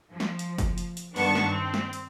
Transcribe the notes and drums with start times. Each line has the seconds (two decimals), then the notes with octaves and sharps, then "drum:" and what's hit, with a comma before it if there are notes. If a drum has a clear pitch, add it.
0.11 F3
0.20 drum: snare
0.39 drum: hi-hat
0.58 drum: kick F#1, hi-hat
0.78 drum: hi-hat
0.97 drum: hi-hat
1.16 G2 D#3 B3 D4 A5 C#6, drum: open hi-hat
1.35 drum: snare
1.51 C4
1.74 drum: snare
1.93 drum: hi-hat